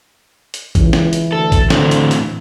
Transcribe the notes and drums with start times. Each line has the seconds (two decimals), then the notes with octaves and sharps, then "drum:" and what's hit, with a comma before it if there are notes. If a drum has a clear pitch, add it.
0.54 drum: hi-hat
0.75 C#2 E3, drum: kick A1, hi-hat
0.93 drum: snare
1.13 drum: hi-hat
1.32 D2 A4
1.52 drum: kick A1, hi-hat
1.70 A2 D3 C4, drum: snare
1.91 drum: hi-hat
2.11 drum: hi-hat